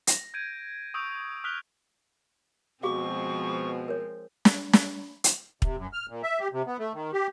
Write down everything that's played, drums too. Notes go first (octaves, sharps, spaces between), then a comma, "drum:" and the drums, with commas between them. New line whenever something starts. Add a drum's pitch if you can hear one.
A#6, drum: hi-hat
G6 G#6 D7 D#7
C#6 D#6 E6 G6 D7 F7
D#6 F6 F#6 B6 F7 G7
B2 F3 G#3 C4 F#4 G#4 F5 C#6
A#4 C#5
drum: snare
drum: snare
drum: hi-hat
C3, drum: kick
F#2
F6
A#2
E5
G4
C3
B3
A3
D#3
G4